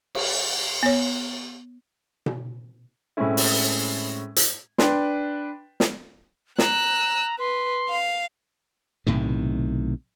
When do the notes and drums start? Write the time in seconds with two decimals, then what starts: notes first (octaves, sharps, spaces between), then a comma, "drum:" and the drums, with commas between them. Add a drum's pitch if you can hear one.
0.15 drum: cymbal
0.83 B3 C#5
2.26 drum: tom B2
3.17 A2 G#3 C4 C#4 E4
3.37 drum: open hi-hat
4.36 drum: hi-hat
4.78 D4 B4 G5 C6, drum: snare
5.80 drum: snare
6.58 A#5 E6 F#6, drum: snare
7.39 B4 C6
7.89 F5
9.07 B1 A2 C3 D#3